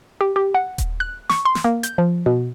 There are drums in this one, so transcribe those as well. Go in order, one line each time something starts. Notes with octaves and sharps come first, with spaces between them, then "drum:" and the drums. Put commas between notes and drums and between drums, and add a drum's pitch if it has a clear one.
G4
G4
F#5
drum: kick D#1, hi-hat
F#6
C#6, drum: snare
C6
drum: snare
A#3
G6, drum: hi-hat
F3
B2